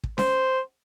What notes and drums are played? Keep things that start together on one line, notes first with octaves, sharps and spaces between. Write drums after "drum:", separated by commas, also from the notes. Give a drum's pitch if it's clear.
drum: kick
C5, drum: snare C#4